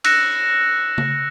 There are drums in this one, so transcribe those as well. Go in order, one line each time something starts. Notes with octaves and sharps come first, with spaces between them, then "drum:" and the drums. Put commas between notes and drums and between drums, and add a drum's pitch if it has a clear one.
E6 F#6 A#6 C#7 E7, drum: cymbal
drum: tom C#3